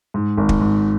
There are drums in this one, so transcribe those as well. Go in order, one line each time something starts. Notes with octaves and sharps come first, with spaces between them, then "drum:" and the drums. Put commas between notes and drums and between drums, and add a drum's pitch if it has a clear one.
G#2
G#1
drum: kick
G#2